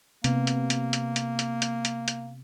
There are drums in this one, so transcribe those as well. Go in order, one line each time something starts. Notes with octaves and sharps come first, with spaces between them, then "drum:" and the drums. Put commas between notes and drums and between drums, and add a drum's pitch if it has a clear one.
C3 A#3 B3, drum: hi-hat
drum: hi-hat
drum: hi-hat
drum: hi-hat
drum: hi-hat
drum: hi-hat
drum: hi-hat
drum: hi-hat
drum: hi-hat